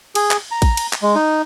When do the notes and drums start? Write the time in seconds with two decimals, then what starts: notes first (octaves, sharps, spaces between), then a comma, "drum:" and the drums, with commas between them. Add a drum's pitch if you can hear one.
0.15 G#4, drum: cymbal
0.31 drum: clap
0.51 A#5
0.62 drum: kick A1, cymbal
0.77 drum: cymbal
0.93 drum: clap
1.02 G#3
1.15 D#4